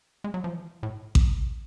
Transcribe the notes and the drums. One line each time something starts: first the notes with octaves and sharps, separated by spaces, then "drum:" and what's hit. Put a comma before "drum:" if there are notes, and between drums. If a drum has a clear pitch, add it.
G#3
F#3
F3
E3
A2
drum: kick A1